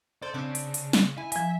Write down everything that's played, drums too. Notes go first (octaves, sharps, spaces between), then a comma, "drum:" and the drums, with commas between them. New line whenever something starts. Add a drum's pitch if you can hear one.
A4 C5 D5
C#3 C4 D4
drum: hi-hat
drum: hi-hat
drum: snare
E4 G#5
F3 E5 G#5, drum: hi-hat